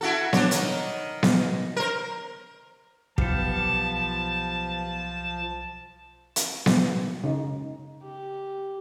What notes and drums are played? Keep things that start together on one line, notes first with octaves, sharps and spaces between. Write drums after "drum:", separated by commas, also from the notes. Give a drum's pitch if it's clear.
E4 F#4 A4
D4 C5 C#5, drum: snare B3
D#3, drum: hi-hat
drum: snare B3
A#4 C5
B1 F3 B3 G4 F5 A5 C#7, drum: kick
drum: hi-hat
drum: snare B3
C#3 D#4
G4